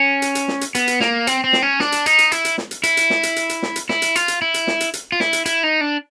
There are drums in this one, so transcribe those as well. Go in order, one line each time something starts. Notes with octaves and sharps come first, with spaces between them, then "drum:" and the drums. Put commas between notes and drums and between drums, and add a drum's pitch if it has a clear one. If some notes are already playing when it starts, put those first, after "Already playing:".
Already playing: C#4
drum: hi-hat
drum: hi-hat
drum: snare
drum: hi-hat
B3, drum: hi-hat
drum: hi-hat
A#3, drum: snare
C4, drum: hi-hat
C4
drum: snare
C#4
D4, drum: snare
drum: hi-hat
D#4, drum: hi-hat
drum: hi-hat
E4, drum: hi-hat
drum: hi-hat
drum: snare
drum: hi-hat
E4, drum: hi-hat
drum: hi-hat
drum: snare
drum: hi-hat
drum: hi-hat
drum: hi-hat
drum: snare
drum: hi-hat
E4, drum: snare
drum: hi-hat
F4, drum: hi-hat
drum: hi-hat
E4
drum: hi-hat
drum: snare
drum: hi-hat
drum: hi-hat
F4
E4, drum: snare
drum: hi-hat
E4, drum: hi-hat
D#4
D4